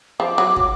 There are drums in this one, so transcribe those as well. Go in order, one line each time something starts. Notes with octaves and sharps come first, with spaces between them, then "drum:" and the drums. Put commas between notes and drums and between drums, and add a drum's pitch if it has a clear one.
F3 D6
F#3
drum: kick